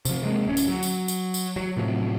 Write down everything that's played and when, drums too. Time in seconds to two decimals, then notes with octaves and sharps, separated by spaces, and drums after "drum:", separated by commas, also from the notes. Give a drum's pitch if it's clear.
0.05 C3 F3, drum: tambourine
0.23 C3 G#3 A#3
0.47 D1 C#4
0.57 drum: tambourine
0.68 F#3
0.83 drum: tambourine
1.08 drum: tambourine
1.34 drum: tambourine
1.56 F#3
1.77 A2 C3 F3 F#3